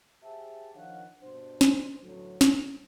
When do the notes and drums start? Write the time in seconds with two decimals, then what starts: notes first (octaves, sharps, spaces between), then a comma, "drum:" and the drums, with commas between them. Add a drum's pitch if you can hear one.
0.23 G4 G#4 C5 E5 A5
0.75 D#3 F3 D4 C#5 F5 F#5
1.23 G2 B2 D4 C5
1.61 drum: snare
2.03 A1 D2 D3 F#3
2.41 C2, drum: snare